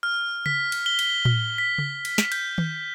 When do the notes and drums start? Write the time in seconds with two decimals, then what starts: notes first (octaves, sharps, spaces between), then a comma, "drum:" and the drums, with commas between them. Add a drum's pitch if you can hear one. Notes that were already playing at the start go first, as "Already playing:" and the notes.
0.03 F6
0.46 B6, drum: tom C#3
0.72 drum: cymbal
0.86 G7
0.99 drum: cymbal
1.25 drum: tom A2
1.58 B6
1.78 drum: tom C#3
2.05 drum: cymbal
2.18 drum: snare
2.32 G6, drum: cymbal
2.58 drum: tom D#3